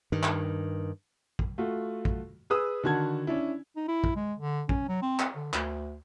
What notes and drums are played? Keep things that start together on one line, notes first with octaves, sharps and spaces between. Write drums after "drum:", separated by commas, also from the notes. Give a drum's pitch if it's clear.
G2 D#3
drum: clap
drum: kick
A3 F4 F#4
drum: kick
G#4 B4 D#6 E6
D3 D#3 F#4 A5 G#6
C#4 D4 E4
D#4
E4
drum: kick
G#3
D3
C#4, drum: kick
F#3
C4
drum: clap
D3
D2, drum: clap